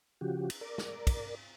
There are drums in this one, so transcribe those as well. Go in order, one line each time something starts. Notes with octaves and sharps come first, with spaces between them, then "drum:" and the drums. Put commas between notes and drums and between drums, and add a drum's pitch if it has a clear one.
C#3 F3 F#4 G4
drum: cymbal
A#4 D5
drum: snare
drum: kick, cymbal